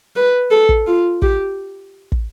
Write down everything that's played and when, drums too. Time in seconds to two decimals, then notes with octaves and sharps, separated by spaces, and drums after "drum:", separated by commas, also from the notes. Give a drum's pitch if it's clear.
0.16 B4
0.51 A4
0.69 drum: kick
0.87 F4
1.22 G4, drum: kick
2.12 drum: kick